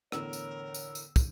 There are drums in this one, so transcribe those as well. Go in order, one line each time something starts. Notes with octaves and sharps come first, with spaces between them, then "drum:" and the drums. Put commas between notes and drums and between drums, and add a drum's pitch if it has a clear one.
E2 A2 D3 A#4 C#5 E6, drum: rim click
drum: tambourine
drum: tambourine
drum: tambourine
drum: kick, tambourine